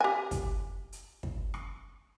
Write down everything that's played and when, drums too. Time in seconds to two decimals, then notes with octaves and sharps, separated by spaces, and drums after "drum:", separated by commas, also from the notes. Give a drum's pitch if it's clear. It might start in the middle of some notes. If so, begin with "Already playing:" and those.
0.01 G4 G#5
0.31 drum: kick, hi-hat
0.92 drum: hi-hat
1.23 drum: kick
1.54 drum: rim click